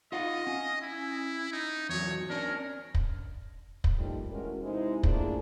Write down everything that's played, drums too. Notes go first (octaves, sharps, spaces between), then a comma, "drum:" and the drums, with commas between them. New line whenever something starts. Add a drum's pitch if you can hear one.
F4 D#5 F5 F#5
C#4
E4
D#4
E2 F#3 C#5
C#4 D4 A#4
drum: kick
drum: kick
D3 F3 G3 A3 A#3 D#4
E3 G#3 A3 C#4 F#4 A#4
C3 G#3 D#4 E4 G#4 C5
A3 A#3 D4 E4 F4 G#4, drum: kick